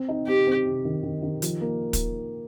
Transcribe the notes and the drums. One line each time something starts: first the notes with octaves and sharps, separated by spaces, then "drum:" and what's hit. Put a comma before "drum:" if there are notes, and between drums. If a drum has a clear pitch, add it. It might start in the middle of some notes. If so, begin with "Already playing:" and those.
Already playing: C4
D#4
C4 G4
C4
C3
D#3
D#3
D#3
F3, drum: hi-hat
A#3
drum: kick, hi-hat